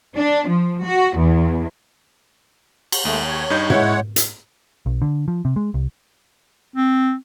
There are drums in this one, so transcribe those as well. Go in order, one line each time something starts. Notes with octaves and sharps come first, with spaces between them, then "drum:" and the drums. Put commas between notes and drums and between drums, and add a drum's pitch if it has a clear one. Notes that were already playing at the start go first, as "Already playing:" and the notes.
D4
F3
F#4
E2
drum: cymbal
D#2 G#3 A3
C#5
G2 D#4 G6
G#3 E4 C#5 F#5, drum: tom
drum: hi-hat
B1
D3
F3
C3
G#3
C2
C4